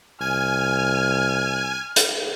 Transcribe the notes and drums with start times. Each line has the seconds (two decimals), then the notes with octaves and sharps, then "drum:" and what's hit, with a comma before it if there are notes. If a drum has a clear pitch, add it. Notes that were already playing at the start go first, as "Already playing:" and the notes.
0.21 C2 G#5 F6
1.96 drum: hi-hat